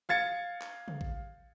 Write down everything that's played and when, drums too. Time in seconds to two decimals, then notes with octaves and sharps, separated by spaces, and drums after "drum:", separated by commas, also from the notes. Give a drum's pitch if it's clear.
0.09 F5 G#6 A6 C#7
0.61 drum: clap
0.88 drum: tom
1.01 drum: kick A1